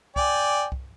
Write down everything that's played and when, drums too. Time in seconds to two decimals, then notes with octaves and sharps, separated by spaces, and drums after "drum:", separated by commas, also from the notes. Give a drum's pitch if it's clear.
0.16 D5 G5 G#5, drum: kick
0.72 drum: kick